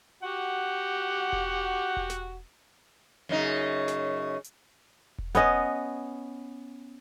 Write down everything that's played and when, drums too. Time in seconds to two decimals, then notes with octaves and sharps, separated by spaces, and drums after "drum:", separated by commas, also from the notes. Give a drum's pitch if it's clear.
0.22 F#4 G4 F#5
1.33 drum: kick E1
1.97 drum: kick E1
2.10 drum: snare
3.29 F#2 C#3 D#4
3.88 drum: snare
4.44 drum: hi-hat
5.18 drum: kick E1
5.35 B3 C#4 D#5, drum: hi-hat